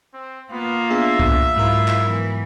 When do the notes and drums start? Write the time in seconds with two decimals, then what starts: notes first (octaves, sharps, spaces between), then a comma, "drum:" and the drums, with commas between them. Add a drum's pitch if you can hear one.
0.14 C4
0.51 A#3 B3 F4
0.90 B3 D4 G#4 E5
1.20 drum: kick C2
1.56 G#2 F#3 E4 F4 A#4
1.88 drum: clap
2.05 E3 B3